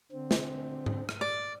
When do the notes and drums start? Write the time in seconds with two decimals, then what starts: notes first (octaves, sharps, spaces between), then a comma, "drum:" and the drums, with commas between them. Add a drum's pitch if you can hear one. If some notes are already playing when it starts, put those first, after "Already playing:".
0.12 D3 C4
0.31 drum: snare
0.86 drum: tom G#2
1.09 drum: rim click
1.21 D5